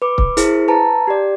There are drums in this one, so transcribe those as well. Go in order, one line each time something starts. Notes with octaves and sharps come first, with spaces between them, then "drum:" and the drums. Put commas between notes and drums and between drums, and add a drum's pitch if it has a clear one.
B4 D6
drum: kick C#1
E4 G#4 A#4 C5, drum: hi-hat
B4 A5 A#5
G4 D5